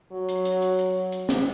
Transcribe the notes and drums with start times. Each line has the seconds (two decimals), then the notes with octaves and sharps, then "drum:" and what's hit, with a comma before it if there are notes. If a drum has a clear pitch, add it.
0.12 F#3
0.28 drum: hi-hat
0.45 drum: hi-hat
0.62 drum: hi-hat
0.79 drum: hi-hat
1.12 drum: hi-hat
1.29 drum: snare